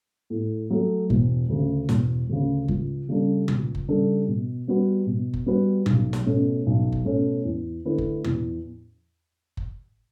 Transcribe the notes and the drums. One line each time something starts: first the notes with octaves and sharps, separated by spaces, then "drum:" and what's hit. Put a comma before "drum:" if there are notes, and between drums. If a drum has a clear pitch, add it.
A2
F#3 A3
E1, drum: kick F#1
D2 C#3
E1, drum: snare
D2 C#3
C#2, drum: kick F#1
C#3 G3 D4 A4
C#2, drum: tom
drum: kick F#1
C#3 G3 D4 A4
B2
G3 B3 F#4 B4
B2
drum: kick F#1
G3 B3 F#4 B4
B1, drum: tom
drum: snare
B2 A3 C#4
B1
drum: kick F#1
B2 A3 C#4
E2
D3 A3 E4 B4
drum: kick F#1
E2, drum: tom
drum: kick F#1